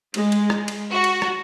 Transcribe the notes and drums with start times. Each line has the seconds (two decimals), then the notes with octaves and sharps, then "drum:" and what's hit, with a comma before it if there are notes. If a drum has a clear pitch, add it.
0.14 G#3, drum: cymbal
0.32 drum: cymbal
0.50 drum: rim click
0.68 drum: cymbal
0.91 F#4
1.04 drum: cymbal
1.22 drum: rim click